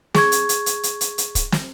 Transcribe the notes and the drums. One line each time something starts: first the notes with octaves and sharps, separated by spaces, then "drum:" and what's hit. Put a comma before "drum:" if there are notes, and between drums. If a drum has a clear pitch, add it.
G#4 C#6 G#6, drum: snare
drum: hi-hat
drum: hi-hat
drum: hi-hat
drum: hi-hat
drum: hi-hat
drum: hi-hat
drum: kick, hi-hat
drum: snare